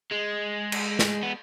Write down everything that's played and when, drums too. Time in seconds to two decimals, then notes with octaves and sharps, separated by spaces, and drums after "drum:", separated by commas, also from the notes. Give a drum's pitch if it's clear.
0.11 G#3
0.72 drum: cymbal
0.99 drum: snare
1.23 B3